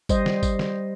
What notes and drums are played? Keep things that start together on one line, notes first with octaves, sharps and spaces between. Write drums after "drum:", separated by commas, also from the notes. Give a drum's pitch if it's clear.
G3 C5 D#5, drum: kick G#1, tambourine
drum: snare
drum: kick G#1, tambourine
drum: snare